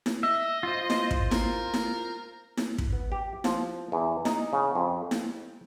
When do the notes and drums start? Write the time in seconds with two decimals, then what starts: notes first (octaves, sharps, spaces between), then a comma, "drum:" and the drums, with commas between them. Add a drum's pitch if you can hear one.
0.06 drum: snare E4
0.23 D#5 E5
0.63 F4 C5
0.90 drum: snare E4
1.11 drum: kick
1.31 A#4, drum: snare E4
1.74 drum: snare E4
2.57 drum: snare E4
2.78 drum: kick
2.93 B3
3.12 G4
3.44 F3, drum: snare E4
3.92 E2
4.25 D#4, drum: snare E4
4.53 C#3
4.75 F2
5.11 G5, drum: snare E4